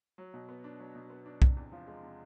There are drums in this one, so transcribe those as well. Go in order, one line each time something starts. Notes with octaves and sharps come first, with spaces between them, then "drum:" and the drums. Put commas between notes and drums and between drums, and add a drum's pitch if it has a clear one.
F#3
B2
B3
D4
F#3
B2
B3
D4
C3, drum: kick B1
E2
F3
G#3
C3